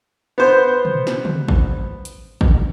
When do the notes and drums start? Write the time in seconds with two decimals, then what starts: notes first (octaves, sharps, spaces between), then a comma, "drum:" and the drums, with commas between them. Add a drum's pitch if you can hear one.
0.38 B3 C5
0.85 drum: tom A#2
1.07 drum: snare
1.25 drum: tom C3
1.48 drum: kick
2.05 drum: hi-hat
2.41 drum: kick